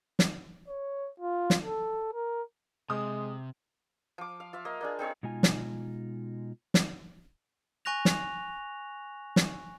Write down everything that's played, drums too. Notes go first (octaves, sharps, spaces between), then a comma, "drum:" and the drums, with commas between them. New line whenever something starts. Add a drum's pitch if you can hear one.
drum: snare
C#5
F4
drum: snare
A4
A#4
C3 G#3 D#6
F3 D6
F5
F4 E5 F5
A#3 D#5
A#3 D4 G#4
C4 D#4 G#4 C#5
B2 G#3 D#4 F4 G#5
drum: snare
drum: snare
G#5 C#6 F#6 A#6 F7
drum: snare
drum: snare